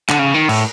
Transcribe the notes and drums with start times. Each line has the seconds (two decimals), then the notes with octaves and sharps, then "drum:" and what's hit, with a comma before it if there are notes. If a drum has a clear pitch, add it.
0.09 D3, drum: clap
0.19 C#3
0.34 D#3
0.49 A2, drum: cymbal